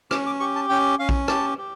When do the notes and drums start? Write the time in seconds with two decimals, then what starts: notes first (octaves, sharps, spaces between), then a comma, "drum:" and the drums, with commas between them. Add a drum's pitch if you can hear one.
0.11 C#4 D6, drum: rim click
0.26 D6
0.40 G4 C#6
0.55 A5
0.69 C#4 G5
0.99 C#4 F5
1.09 drum: kick A#1
1.28 G4 A5, drum: rim click
1.58 G4